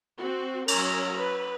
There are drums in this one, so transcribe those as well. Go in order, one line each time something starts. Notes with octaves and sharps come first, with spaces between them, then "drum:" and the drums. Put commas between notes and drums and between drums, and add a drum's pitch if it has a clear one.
C4 F#4
F#3 C#4 A#4 A#5, drum: cymbal
B4